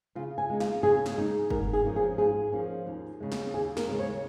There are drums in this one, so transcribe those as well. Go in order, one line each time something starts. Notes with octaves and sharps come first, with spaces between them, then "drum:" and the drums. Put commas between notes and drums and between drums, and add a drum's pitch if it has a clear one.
C#3 F4
G#5
G#3 D#4
F4, drum: snare
C#3 G#4
drum: snare
G#3 D#4
G#2 A#4, drum: kick
G#4
F3 A#3 C#4
G#4
G#2 G#4
F3 A#3 C#4
D#2
C#3 G#3
drum: snare
D#2 G#4
A#4, drum: snare
C#3 G#3
C#5